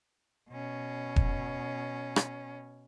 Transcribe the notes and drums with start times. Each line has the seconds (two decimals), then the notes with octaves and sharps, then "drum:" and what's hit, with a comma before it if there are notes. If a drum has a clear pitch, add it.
0.50 B2 C#4
1.16 drum: kick E1
2.16 drum: rim click